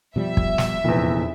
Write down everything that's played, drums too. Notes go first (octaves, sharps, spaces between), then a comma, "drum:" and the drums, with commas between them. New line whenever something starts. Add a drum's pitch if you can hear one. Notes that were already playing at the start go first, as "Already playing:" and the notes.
B2 F3 G3 E5
drum: kick
drum: snare
F1 E2 A#2